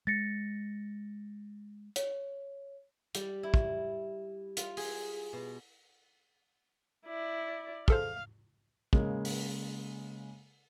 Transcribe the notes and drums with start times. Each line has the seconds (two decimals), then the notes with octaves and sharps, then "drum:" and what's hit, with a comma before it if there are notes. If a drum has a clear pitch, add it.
0.07 G#3 A6 A#6 C#7
1.96 C#5, drum: hi-hat
3.15 G3, drum: hi-hat
3.43 E4
3.54 drum: kick
4.57 F4, drum: hi-hat
4.77 G#4, drum: open hi-hat
5.33 B2
7.06 E4 D5
7.88 G#4 A4 C5 F5, drum: kick
8.93 C#3 G#3 A#3, drum: kick
9.25 drum: open hi-hat